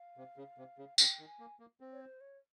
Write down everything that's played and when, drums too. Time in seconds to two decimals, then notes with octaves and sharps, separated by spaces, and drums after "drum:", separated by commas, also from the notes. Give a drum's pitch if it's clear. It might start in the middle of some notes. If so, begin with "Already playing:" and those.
Already playing: F5
0.17 C3
0.37 C#3
0.58 C3
0.78 C#3
0.98 C#3 G5, drum: tambourine
1.19 D#3
1.25 G#5
1.40 A#3
1.60 A#3
1.81 C4
1.92 C#5
2.00 C5
2.20 C#5